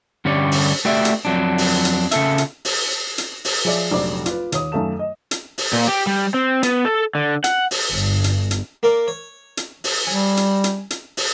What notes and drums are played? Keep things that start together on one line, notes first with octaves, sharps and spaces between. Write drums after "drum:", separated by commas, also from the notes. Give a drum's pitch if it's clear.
G2 D3 G3 C#4 C#5 D5
drum: open hi-hat
A3 F#4 G4 D5 E5
drum: hi-hat
F2 F#3 D4
drum: open hi-hat
drum: hi-hat
C#3 A4 E5, drum: hi-hat
drum: hi-hat
drum: open hi-hat
drum: hi-hat
drum: open hi-hat
F3 G#4 C#5 D5 E5
F1 A#1 F#3 D5 D6
F4 B4, drum: hi-hat
D#2 C#5 D#6, drum: hi-hat
F#2 D#3 A3 F5 A5 E7
D#5
drum: hi-hat
drum: open hi-hat
A#2
G4
G3
C4
B3, drum: hi-hat
A4
D3
F#5, drum: hi-hat
drum: open hi-hat
G1
drum: hi-hat
drum: hi-hat
A#3 A#4 D5
C#5
drum: hi-hat
drum: open hi-hat
G3 G#5
drum: hi-hat
drum: hi-hat
drum: hi-hat
drum: open hi-hat